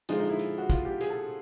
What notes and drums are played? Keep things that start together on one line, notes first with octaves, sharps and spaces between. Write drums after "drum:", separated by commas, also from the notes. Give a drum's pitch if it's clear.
D3 F3 G#3 D#4, drum: hi-hat
D#4
E4
drum: hi-hat
F#4
F4, drum: kick, hi-hat
G4
G#4, drum: hi-hat
A4